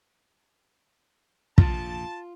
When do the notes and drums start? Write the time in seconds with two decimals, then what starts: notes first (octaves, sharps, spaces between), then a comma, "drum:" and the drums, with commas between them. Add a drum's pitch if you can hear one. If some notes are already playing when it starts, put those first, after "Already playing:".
1.58 A#1 F2 C3 F4 A5, drum: kick